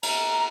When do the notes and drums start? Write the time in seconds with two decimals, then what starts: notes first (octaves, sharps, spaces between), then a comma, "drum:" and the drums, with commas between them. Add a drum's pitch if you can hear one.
0.03 A#5, drum: cymbal